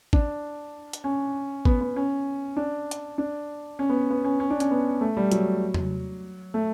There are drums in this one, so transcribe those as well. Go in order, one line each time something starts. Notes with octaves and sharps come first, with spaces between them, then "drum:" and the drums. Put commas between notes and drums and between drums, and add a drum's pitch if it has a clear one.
D4, drum: kick G#1
drum: hi-hat
C#4
B3, drum: kick G#1
B3
C#4
D4
drum: hi-hat
D4
C#4
B3
B3
C#4
C#4
D4
C#4, drum: hi-hat
B3
A3
G3
F#3, drum: hi-hat
drum: tom
A3